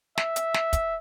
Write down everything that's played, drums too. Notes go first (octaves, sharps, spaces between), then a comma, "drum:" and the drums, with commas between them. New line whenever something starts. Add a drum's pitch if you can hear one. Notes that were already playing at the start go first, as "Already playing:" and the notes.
E5, drum: snare
drum: hi-hat
drum: snare
drum: kick, hi-hat